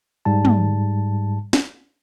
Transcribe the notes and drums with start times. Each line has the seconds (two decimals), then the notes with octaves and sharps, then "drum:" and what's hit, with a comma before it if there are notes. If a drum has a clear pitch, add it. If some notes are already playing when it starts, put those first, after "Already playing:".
0.25 G#2 G3 A5
0.45 drum: tom
1.53 drum: snare